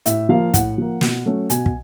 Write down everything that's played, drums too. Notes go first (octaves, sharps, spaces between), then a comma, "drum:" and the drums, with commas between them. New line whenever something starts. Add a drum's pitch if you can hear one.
A2 E5, drum: hi-hat
F3 A#3 F5
A2 F#5, drum: kick, hi-hat
F3 A#3
B2, drum: snare
F#3 A3 C#4
B2 G#5, drum: hi-hat
drum: kick